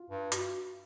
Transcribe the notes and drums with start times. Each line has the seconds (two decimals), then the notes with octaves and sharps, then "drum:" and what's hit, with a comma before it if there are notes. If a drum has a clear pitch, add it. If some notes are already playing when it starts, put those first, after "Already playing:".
Already playing: F4
0.10 G2
0.32 F#4, drum: hi-hat